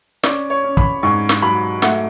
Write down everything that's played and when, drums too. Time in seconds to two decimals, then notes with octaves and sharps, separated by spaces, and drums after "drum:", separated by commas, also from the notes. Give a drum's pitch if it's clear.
0.23 C#4 D5, drum: snare
0.50 C#5
0.64 C#4
0.77 B5, drum: kick
1.03 G#2 C#6
1.29 drum: snare
1.42 F#3 B5
1.82 A3 F#5, drum: snare